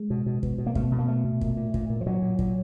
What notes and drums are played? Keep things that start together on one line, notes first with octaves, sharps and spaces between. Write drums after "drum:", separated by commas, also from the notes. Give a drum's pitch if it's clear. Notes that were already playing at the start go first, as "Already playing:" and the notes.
Already playing: G#3
B2
B2
B2, drum: kick
B2
A#3
B2 A3, drum: kick
B2
A#3
B2 A3
B2
A#2, drum: kick
A#2
A#2, drum: kick
A#2
F3
A#2 F#3
A#2
A#2, drum: kick